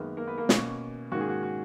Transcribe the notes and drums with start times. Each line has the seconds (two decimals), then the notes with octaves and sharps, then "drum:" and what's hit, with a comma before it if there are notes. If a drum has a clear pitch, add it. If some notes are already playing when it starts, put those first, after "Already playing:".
Already playing: F#2 D#3 G#3 A#3 B3 A#4
0.17 A#3 A#4
0.27 B3 B4
0.38 A#3 A#4
0.49 B2 A#3 C#4, drum: snare
1.12 G#2 D#3 A#3 C#4 F#4
1.20 G#4
1.29 F#4
1.43 F#4